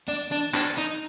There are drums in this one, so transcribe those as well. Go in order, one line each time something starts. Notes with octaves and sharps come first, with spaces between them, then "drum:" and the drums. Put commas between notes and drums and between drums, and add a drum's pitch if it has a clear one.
D4
D4
D4, drum: clap
D#4